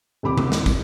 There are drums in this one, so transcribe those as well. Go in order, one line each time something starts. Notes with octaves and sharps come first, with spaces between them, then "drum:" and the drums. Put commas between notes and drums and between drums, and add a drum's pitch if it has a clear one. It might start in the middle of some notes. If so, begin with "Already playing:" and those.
D#1 C2 B5 D6
drum: tom C3
drum: snare
drum: kick, tambourine